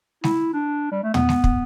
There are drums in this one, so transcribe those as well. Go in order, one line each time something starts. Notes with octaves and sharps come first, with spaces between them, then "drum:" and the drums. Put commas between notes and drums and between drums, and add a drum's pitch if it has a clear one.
E4, drum: snare G#3
D4
G3
A3
B3, drum: tom
drum: snare G#3
drum: kick